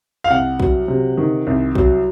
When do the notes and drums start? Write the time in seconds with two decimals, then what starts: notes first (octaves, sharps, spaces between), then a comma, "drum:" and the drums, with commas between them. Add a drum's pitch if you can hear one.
0.24 F5
0.30 C2 F#5
0.60 F#3, drum: kick
0.88 C3
1.18 D#3
1.47 C2
1.75 F#3, drum: kick